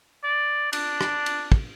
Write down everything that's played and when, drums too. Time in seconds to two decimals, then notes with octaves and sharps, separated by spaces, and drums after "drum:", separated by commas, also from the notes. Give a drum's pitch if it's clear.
0.24 D5
0.73 D4, drum: cymbal
1.01 drum: rim click
1.26 drum: cymbal
1.52 drum: kick